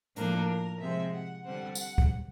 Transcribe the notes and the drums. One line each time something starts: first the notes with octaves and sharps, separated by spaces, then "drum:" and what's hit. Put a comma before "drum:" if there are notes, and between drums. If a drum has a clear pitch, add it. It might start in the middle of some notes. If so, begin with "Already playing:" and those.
A2 F3 A#3 D4 A#4, drum: hi-hat
A#4
C3 F3 G#3 C4 E5
F#5
D3 G3 C4 F#5
F#5, drum: tambourine
drum: kick C#2